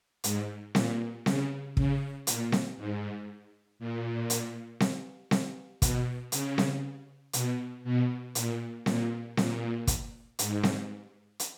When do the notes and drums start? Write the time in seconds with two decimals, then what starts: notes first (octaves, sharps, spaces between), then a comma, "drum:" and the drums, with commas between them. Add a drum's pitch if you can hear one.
0.24 G#2, drum: hi-hat
0.75 A#2, drum: snare C4
1.26 C#3, drum: snare C4
1.77 C#3, drum: kick
2.27 A#2, drum: hi-hat
2.52 drum: snare C4
2.78 G#2
3.79 A#2
4.30 drum: hi-hat
4.80 drum: snare C4
5.31 drum: snare C4
5.82 B2, drum: kick, hi-hat
6.32 C#3, drum: hi-hat
6.58 drum: snare C4
7.33 B2, drum: hi-hat
7.84 B2
8.35 A#2, drum: hi-hat
8.86 A#2, drum: snare C4
9.37 A#2, drum: snare C4
9.87 drum: kick, hi-hat
10.39 G#2, drum: hi-hat
10.63 drum: snare C4
11.39 drum: hi-hat